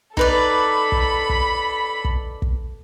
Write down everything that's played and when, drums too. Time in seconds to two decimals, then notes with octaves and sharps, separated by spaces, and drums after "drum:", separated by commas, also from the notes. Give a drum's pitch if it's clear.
0.17 D#4 A4 B4 D5 B5, drum: kick
0.92 drum: kick
1.29 drum: kick
2.05 drum: kick
2.42 drum: kick